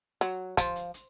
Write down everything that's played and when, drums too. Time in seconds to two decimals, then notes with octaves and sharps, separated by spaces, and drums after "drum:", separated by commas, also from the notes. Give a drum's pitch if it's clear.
0.21 F#3
0.57 F3, drum: kick, hi-hat
0.76 drum: hi-hat
0.94 drum: hi-hat